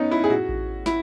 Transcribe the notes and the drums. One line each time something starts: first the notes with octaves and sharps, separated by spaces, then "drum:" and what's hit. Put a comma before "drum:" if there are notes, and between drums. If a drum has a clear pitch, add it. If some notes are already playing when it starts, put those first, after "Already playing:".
Already playing: B3 C#4 D#4
E4
G#4
F#4, drum: tom A2
drum: kick A1
E4, drum: snare